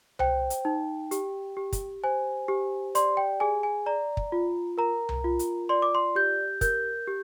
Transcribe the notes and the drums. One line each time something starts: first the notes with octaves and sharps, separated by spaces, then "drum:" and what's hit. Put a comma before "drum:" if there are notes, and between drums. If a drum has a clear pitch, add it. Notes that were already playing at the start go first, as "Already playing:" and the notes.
C5 G5, drum: tom C2
drum: hi-hat
D#4
G4, drum: hi-hat
G4
drum: kick, hi-hat
C5 G#5
G4
D5 C6, drum: hi-hat
G5
G#4 G#5
G#5
D5 A#5
drum: kick
F4
A#4 A#5
drum: tom C2
F4
drum: hi-hat
D5 C6
D6
C6
G4 G6
A#4 G6, drum: kick, hi-hat
G4